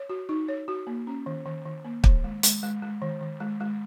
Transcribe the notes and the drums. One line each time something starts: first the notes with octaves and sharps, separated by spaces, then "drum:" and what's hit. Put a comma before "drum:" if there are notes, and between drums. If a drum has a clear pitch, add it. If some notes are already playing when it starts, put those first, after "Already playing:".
Already playing: C#5
F#4
D#4
C#5
F#4
A#3
C#4
D#3
D#3
D#3
A#3
D#3, drum: kick
G#3
G#3, drum: hi-hat
G#3
G#3
D#3
D#3
G#3
G#3